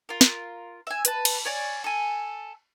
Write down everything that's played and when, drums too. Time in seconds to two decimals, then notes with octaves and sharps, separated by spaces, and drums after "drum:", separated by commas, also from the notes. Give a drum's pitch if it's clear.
0.09 F4 A#4
0.21 drum: snare
0.87 E5 G#5
1.05 B4 A5, drum: hi-hat
1.25 drum: cymbal
1.45 C#5 D5 G#5
1.84 A4 G#5